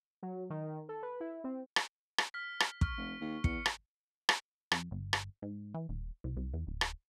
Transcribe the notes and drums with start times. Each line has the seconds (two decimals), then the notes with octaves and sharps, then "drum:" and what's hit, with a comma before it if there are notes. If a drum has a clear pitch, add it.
0.23 F#3
0.50 D#3
0.89 A4
1.03 B4
1.20 E4
1.44 C4
1.76 drum: rim click
2.18 drum: rim click
2.34 F6 B6
2.60 drum: rim click
2.81 C#6 F6, drum: kick
2.97 F1
3.21 D#2
3.44 E2 C#7, drum: kick
3.66 drum: rim click
4.29 drum: rim click
4.72 F2, drum: rim click
4.91 G1
5.13 drum: rim click
5.42 G#2
5.74 E3
5.89 D#1
6.24 C2
6.37 C2
6.54 E2
6.67 D1
6.81 drum: rim click